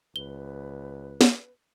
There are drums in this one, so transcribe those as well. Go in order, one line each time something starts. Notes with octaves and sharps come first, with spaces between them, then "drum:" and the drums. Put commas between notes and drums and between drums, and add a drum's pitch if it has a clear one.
C#2 B4 G7
drum: snare